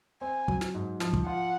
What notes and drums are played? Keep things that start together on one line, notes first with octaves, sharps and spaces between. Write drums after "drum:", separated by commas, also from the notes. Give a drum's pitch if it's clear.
C4 G#5
F#3, drum: kick
drum: snare
G#2
F3, drum: snare
drum: kick
F4 F#5